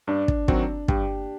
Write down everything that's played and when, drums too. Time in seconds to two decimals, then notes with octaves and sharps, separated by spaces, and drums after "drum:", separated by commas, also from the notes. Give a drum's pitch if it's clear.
0.08 G2 D4
0.28 drum: kick
0.48 D#3 F#3 C4 F#4, drum: kick
0.88 G2 G4, drum: kick